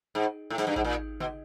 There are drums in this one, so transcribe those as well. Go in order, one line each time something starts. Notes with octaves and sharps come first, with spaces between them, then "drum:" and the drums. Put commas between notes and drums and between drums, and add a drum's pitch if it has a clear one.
G#2
A2
G#2, drum: snare
G2
G#2, drum: kick A1
A#2
B2, drum: tom C#3